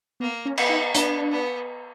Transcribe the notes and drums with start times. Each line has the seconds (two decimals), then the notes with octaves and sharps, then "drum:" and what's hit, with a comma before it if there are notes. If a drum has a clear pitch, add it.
0.20 A#3 B3
0.45 C#4
0.57 B3, drum: cymbal
0.69 D#4
0.95 B3 D4, drum: hi-hat
1.31 B3